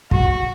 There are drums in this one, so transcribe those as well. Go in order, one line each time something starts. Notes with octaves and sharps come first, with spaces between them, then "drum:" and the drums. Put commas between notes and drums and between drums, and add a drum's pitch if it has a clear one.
F#4, drum: kick